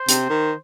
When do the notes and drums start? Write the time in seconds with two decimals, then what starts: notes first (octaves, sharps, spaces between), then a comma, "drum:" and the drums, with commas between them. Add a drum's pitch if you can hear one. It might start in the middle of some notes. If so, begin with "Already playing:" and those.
Already playing: C5
0.08 C3, drum: hi-hat
0.30 D#3